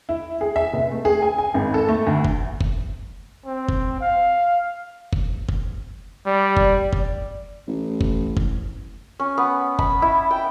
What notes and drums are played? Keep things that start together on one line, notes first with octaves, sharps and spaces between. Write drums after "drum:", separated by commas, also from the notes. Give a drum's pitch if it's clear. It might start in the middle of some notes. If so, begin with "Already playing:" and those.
E4
G#4
E5
F1
A3
G#4
G#5
G#5
G#1
A4
A3
D2
drum: kick
drum: kick
C4
drum: kick
F5
drum: kick
drum: kick
G3 D5
drum: kick
drum: kick
A1
drum: kick
drum: kick
C#4
B3
B5, drum: kick
E4
G5